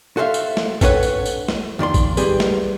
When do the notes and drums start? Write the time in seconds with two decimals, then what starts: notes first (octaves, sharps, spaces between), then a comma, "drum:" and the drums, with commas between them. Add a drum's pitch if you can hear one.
0.17 F#4 A4 C5 E5 F5
0.34 drum: tambourine
0.57 drum: snare
0.81 C4 D4 A4 B4 C#5 F#5, drum: kick A#1, tambourine
1.03 drum: tambourine
1.26 drum: tambourine
1.48 drum: snare
1.79 F2 D#3 D5 C6
1.94 drum: kick A#1, tambourine
2.17 G3 C4 G4 G#4 B4, drum: tambourine
2.40 drum: snare